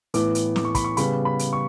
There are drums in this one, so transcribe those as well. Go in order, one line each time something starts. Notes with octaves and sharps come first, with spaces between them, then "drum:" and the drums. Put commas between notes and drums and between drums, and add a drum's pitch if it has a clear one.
A2 E3 B3 D6, drum: hi-hat
drum: hi-hat
D6, drum: snare
C#6
B5, drum: kick, hi-hat
C#6
C#3 G3 B3 B5, drum: hi-hat
B5
drum: hi-hat
C#6